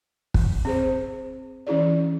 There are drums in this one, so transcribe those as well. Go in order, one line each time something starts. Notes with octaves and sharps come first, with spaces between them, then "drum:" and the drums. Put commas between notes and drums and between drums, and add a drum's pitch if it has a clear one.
drum: kick
C4 G#4 C5
E3 C#4 E4 G#4 D5